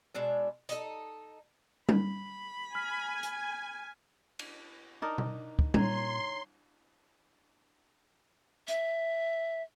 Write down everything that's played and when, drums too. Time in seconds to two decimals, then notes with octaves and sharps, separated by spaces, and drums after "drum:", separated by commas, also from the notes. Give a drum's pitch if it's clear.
0.15 B2 G#3 D4 E5
0.69 D#4 A4, drum: hi-hat
1.89 B5, drum: tom G3
2.75 G#5 F6 B6
3.23 drum: hi-hat
4.39 drum: cymbal
5.02 D4 D#4 A#4
5.18 drum: tom B2
5.59 drum: kick
5.74 A#2 C#5 A#5 C6 G#6, drum: tom G3
8.68 E5, drum: hi-hat